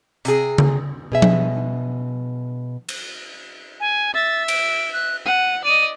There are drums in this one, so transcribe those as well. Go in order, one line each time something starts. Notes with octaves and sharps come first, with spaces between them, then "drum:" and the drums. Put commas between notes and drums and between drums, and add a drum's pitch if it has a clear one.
C3 G#4, drum: hi-hat
drum: tom C#3
B2 G#4 E5
drum: tom F3
drum: cymbal
G#5
E5 A6
D7, drum: cymbal
F#6
F#5 D#7
D5 D#5 D#7